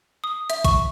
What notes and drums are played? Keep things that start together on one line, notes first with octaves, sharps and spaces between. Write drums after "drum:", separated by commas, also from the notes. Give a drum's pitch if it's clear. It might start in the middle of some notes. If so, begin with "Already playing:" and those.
D#6
E5, drum: hi-hat
C#6, drum: kick A#1, hi-hat